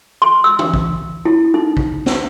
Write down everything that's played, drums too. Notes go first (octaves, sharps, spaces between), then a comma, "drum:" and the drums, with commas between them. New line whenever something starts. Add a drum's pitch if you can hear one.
C6
E6
drum: tom
drum: kick
E4
D#4
drum: kick
drum: snare